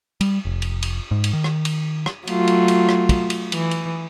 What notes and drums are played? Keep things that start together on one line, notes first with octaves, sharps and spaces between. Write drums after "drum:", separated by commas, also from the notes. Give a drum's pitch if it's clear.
G3, drum: cymbal
F1
drum: cymbal
drum: cymbal
G#2
drum: cymbal
D#3
drum: rim click
drum: cymbal
drum: rim click
F#3 A3 F4, drum: cymbal
drum: cymbal
drum: cymbal
drum: rim click
drum: kick, cymbal
drum: cymbal
E3, drum: cymbal
drum: cymbal